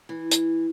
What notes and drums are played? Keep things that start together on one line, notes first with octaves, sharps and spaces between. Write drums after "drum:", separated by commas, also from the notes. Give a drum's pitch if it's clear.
E3
drum: hi-hat